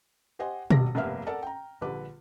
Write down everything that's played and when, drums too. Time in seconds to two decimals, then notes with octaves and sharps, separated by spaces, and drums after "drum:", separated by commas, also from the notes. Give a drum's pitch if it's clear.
0.39 G4 C5 D#5 F#5 G#5
0.70 D#1 G#1 G3 A#6, drum: tom B2
0.95 F1 G2 A#3 B3 E5 F6
1.27 A4 A#4 D5 F#5 A5
1.43 G5 A#5
1.81 A#1 D3 G3 B4 D6